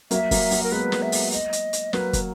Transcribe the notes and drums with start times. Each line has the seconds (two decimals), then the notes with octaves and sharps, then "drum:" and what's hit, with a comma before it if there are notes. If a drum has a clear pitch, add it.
0.11 F#3 A#3 E5, drum: hi-hat
0.31 F#3 A#3, drum: kick, open hi-hat
0.51 F#3 A#3, drum: open hi-hat
0.63 A#4
0.72 G#3 B3 B4
0.92 drum: snare
1.02 E5
1.12 drum: open hi-hat
1.32 D#5, drum: hi-hat
1.53 drum: hi-hat
1.73 drum: hi-hat
1.93 F#3 A#3 B4, drum: snare
2.13 drum: kick, hi-hat